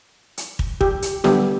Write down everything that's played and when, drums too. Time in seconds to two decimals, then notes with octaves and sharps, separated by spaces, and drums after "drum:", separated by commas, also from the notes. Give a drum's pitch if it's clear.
0.37 drum: hi-hat
0.59 drum: kick
0.81 G4, drum: kick
1.02 drum: hi-hat
1.24 D3 G3 B3 G4, drum: snare